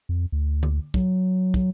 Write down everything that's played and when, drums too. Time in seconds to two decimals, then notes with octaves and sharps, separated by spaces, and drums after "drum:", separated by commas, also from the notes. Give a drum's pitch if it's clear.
0.09 F2
0.32 D2
0.63 drum: tom D3
0.94 F#3, drum: kick
1.54 drum: kick